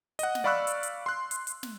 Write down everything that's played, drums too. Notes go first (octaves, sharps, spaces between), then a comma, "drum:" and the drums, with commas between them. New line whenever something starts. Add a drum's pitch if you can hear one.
D#5 F#5, drum: hi-hat
drum: snare
D5 F5 B5 C#6 E6 F#6
drum: hi-hat
drum: hi-hat
C6 F#6
drum: hi-hat
drum: hi-hat
drum: snare